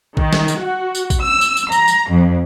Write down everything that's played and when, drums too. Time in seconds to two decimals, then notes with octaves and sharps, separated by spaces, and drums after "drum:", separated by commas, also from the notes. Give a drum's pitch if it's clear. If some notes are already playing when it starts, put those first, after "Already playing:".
0.17 D#3, drum: kick A#1
0.33 drum: snare
0.48 drum: tambourine
0.59 F#4
0.95 drum: tambourine
1.10 drum: kick A#1, tambourine
1.21 E6
1.41 drum: tambourine
1.57 drum: tambourine
1.72 A#5, drum: tambourine
1.88 drum: tambourine
2.10 F2